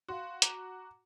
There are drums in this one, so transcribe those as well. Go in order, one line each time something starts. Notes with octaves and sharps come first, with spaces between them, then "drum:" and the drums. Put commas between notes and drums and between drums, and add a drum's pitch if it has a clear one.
F#4 F5 C6
A#5 D6, drum: hi-hat